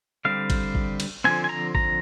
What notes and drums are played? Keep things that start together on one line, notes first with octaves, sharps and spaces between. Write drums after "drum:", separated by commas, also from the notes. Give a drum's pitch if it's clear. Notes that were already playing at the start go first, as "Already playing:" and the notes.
D3 G3 C4 F5
drum: kick, cymbal
drum: kick
drum: cymbal
D3 F3 C4 G#5
G#5
A#5
A#5, drum: kick